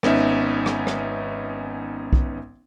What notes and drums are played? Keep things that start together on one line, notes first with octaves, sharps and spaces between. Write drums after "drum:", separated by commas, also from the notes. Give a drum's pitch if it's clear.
G#1 B3 C#4 D#4 E5, drum: rim click
drum: rim click
drum: rim click
drum: kick B1